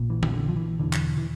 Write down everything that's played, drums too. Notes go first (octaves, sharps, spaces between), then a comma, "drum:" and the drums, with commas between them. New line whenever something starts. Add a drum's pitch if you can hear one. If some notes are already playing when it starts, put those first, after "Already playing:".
Already playing: A#1 A#2
E3
drum: tom D3
D3
F3
E3
E1 D2 D3 E3
drum: clap
E3